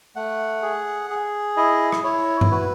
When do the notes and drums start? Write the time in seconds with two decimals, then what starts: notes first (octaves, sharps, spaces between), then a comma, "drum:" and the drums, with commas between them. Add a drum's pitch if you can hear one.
0.16 A3 F#5
0.62 G#4
1.10 G#4
1.57 E4 D#5
1.92 drum: rim click
2.04 E4 C#5
2.41 drum: tom G2
2.51 F#4 B4